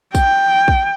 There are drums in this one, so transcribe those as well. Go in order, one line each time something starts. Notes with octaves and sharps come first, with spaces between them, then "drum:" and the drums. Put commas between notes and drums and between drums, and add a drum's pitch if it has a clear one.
G5, drum: kick, tambourine
drum: kick